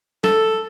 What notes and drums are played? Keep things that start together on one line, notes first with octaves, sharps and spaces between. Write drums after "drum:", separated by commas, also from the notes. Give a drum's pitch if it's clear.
A4, drum: snare